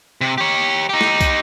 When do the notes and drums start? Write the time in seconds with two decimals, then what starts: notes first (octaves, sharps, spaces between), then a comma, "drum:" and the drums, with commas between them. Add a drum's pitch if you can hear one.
0.21 C3
0.38 G4 C#5
0.89 D#4 G4
1.01 drum: snare
1.21 drum: kick, tambourine